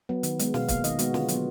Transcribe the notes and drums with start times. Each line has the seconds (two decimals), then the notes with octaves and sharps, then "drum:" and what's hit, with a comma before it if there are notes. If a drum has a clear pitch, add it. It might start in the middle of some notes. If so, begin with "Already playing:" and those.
0.09 F#3 B3
0.23 D#3, drum: hi-hat
0.39 G#3 B3, drum: hi-hat
0.54 B2 F5, drum: snare
0.68 A#3 F5, drum: kick C#1, hi-hat
0.84 D#3 D#5, drum: hi-hat
0.99 G#3 B3 F#4, drum: hi-hat
1.14 D3 F4, drum: snare
1.28 F#3, drum: hi-hat
1.34 B3